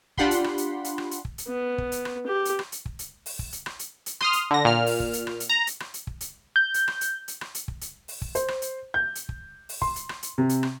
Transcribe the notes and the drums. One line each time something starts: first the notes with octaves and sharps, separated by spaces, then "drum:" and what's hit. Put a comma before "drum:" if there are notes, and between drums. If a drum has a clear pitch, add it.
D4 F4 G4 F#5 B5 C6, drum: kick
drum: hi-hat
drum: rim click
drum: hi-hat
drum: hi-hat
drum: rim click
drum: hi-hat
drum: kick
drum: hi-hat
B3
drum: kick
drum: hi-hat
drum: rim click
G4
drum: hi-hat
drum: rim click
drum: hi-hat
drum: kick
drum: hi-hat
drum: open hi-hat
drum: kick
drum: hi-hat
drum: rim click
drum: hi-hat
drum: hi-hat
C6 D#6 F6, drum: rim click
drum: hi-hat
D3 A#6
A#2 F6
drum: open hi-hat
drum: kick
drum: hi-hat
drum: rim click
drum: hi-hat
A#5
drum: hi-hat
drum: rim click
drum: hi-hat
drum: kick
drum: hi-hat
G6
drum: hi-hat
drum: rim click
drum: hi-hat
drum: hi-hat
drum: rim click
drum: hi-hat
drum: kick
drum: hi-hat
drum: open hi-hat
drum: kick
C5, drum: hi-hat
drum: rim click
drum: hi-hat
G6
drum: hi-hat
drum: kick
drum: open hi-hat
C6, drum: kick
drum: hi-hat
drum: rim click
drum: hi-hat
C3
drum: hi-hat
drum: rim click